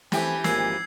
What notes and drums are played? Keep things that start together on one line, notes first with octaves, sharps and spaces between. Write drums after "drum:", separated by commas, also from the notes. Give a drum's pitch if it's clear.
E3 A3 C4 E4 G4 G#5, drum: snare
G#1 F3 A#3 E6 G#6 C7, drum: snare